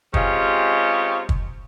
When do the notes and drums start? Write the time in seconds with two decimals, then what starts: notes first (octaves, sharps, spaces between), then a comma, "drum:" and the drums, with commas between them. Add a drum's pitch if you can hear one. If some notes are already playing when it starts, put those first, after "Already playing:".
0.14 C3 G#3 C#4 F4 G4, drum: kick
1.29 drum: kick